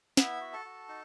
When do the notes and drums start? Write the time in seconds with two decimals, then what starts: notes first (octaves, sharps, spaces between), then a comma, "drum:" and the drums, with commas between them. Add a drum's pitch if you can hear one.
0.17 B3 E4 E5, drum: snare
0.41 F#4
0.53 A4 A5
0.65 F#4
0.89 D#4